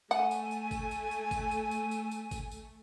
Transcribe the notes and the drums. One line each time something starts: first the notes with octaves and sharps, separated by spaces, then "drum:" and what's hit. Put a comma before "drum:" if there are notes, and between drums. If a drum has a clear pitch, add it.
A3 F#5 G#5, drum: tambourine
drum: tambourine
drum: tambourine
drum: kick G#1, tambourine
drum: tambourine
drum: tambourine
drum: kick G#1, tambourine
drum: tambourine
drum: tambourine
drum: tambourine
drum: tambourine
drum: kick G#1, tambourine
drum: tambourine